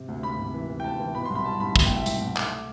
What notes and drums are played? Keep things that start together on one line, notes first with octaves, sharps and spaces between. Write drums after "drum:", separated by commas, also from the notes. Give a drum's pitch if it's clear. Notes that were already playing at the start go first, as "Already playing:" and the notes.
Already playing: C3
D2
D2 B5
C3
E3
E3
G5
D2 A5
E3
B2 B5
C6
C2
B5
G3 A5
C2 B5
B2, drum: kick
G5
C2 E5
C2, drum: hi-hat
C2
A3 D6, drum: clap